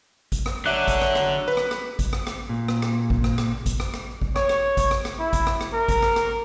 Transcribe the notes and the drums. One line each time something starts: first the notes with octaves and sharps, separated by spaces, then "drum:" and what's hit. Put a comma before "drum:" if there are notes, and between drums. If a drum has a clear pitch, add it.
drum: kick G#1, hi-hat
drum: rim click
D3 F#3 E5 F#6
drum: kick G#1, hi-hat
drum: rim click
drum: rim click
B4
drum: rim click
drum: rim click
drum: kick G#1, hi-hat
drum: rim click
drum: rim click
A#2
drum: rim click
drum: rim click
drum: kick G#1
drum: rim click
drum: rim click
drum: kick G#1, hi-hat
drum: rim click
drum: rim click
drum: kick G#1
C#5, drum: rim click
drum: rim click
drum: kick G#1, hi-hat
drum: rim click
drum: rim click
E4
drum: kick G#1, hi-hat
drum: rim click
drum: rim click
A#4
drum: kick G#1, hi-hat
drum: rim click
drum: rim click